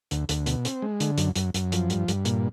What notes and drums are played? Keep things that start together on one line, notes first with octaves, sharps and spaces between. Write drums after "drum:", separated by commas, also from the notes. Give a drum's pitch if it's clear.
D2, drum: hi-hat
D2, drum: hi-hat
B2, drum: hi-hat
C4, drum: hi-hat
G#3
D3, drum: hi-hat
F#2, drum: hi-hat
F#2, drum: hi-hat
F#2, drum: hi-hat
F3, drum: hi-hat
G2, drum: hi-hat
G2, drum: hi-hat
A#2, drum: hi-hat